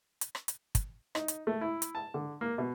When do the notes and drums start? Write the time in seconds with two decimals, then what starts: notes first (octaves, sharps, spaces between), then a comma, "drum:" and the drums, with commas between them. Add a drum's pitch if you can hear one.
0.21 drum: hi-hat
0.35 drum: rim click
0.48 drum: hi-hat
0.75 drum: kick, hi-hat
1.15 D#4, drum: rim click
1.28 drum: hi-hat
1.47 A3
1.61 E4
1.82 drum: hi-hat
1.95 A5
2.14 D3
2.41 A#3
2.58 B2